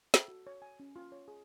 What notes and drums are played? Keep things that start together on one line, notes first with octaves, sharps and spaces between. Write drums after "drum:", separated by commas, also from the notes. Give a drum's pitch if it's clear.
A4, drum: snare
F#4
C#5
G#5
C#4
F4
C#5
G#4